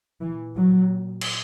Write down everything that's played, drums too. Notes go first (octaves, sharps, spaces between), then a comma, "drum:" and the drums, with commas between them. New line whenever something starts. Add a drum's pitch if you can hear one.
A#2 E3
F#3
drum: cymbal